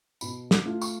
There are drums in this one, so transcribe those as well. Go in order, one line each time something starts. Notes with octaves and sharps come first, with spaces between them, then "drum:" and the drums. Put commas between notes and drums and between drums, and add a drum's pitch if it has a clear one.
B2 B5, drum: tambourine
D6, drum: snare
A3 F4
C#6, drum: tambourine